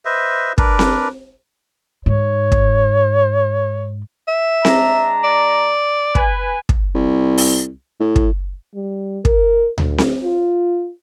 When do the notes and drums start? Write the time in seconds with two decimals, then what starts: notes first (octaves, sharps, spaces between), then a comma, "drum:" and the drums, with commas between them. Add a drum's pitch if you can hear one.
0.05 B4 C5 D#5 E5
0.58 D4 A#4 B4, drum: kick
0.79 drum: snare C4
2.06 G#2 C#5
2.52 drum: kick
4.28 E5
4.65 G#3 D4 A#5, drum: snare C4
5.24 D5
6.15 B4 G#5, drum: kick
6.69 drum: kick
6.95 C2
7.38 drum: open hi-hat
8.00 A2
8.16 drum: kick
8.75 G3
9.25 A#4, drum: kick
9.78 D2, drum: tom D2
9.98 drum: snare C4
10.23 F4